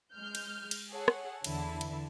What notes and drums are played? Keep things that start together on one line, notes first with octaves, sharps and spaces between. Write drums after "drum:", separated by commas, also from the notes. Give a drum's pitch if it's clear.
G#3 F6 G6
drum: cymbal
drum: cymbal
G#4 A4 C#5 F#5
drum: rim click
E2 D3 E3 E4 A5, drum: cymbal
drum: cymbal